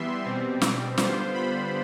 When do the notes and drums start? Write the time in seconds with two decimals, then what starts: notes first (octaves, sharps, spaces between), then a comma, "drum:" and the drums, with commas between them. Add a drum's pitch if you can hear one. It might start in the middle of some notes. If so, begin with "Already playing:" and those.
Already playing: E3 G3 B3 E5 C6
0.25 B2 G3 C4
0.62 drum: snare
0.98 D3 G3 B3 F4 C5, drum: snare
1.34 B5